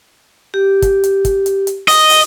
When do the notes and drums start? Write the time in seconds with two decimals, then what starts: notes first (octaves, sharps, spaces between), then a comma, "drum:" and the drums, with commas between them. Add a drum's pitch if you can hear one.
0.54 G4
0.82 drum: kick, hi-hat
1.04 drum: hi-hat
1.25 drum: kick, hi-hat
1.46 drum: hi-hat
1.67 drum: hi-hat
1.88 D#5, drum: open hi-hat
2.09 drum: open hi-hat